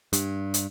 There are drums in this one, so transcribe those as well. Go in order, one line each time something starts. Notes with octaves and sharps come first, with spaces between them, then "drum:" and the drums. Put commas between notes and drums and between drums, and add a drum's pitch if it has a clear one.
G2, drum: hi-hat
drum: hi-hat